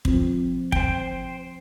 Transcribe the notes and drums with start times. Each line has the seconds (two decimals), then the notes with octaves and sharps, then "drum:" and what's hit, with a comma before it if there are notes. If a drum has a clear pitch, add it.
0.05 F3 C4, drum: kick
0.72 C5 G5, drum: kick